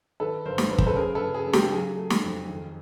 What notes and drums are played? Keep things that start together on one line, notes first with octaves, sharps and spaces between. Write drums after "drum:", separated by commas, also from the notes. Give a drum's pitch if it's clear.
D#3 A4 B4
G1 A#4 C5
drum: snare
F#2 B4
C5, drum: kick
A4 B4
C#3 G#4 A#4
A4 B4
C#3
G#4
C#3
G4 A4, drum: snare
F#3 G#4
A3
drum: snare
F2
D#3